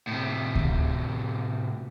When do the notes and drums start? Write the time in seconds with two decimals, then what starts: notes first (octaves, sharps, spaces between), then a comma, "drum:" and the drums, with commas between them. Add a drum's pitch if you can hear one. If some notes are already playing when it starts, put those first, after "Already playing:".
0.07 A2 C3
0.55 drum: kick D2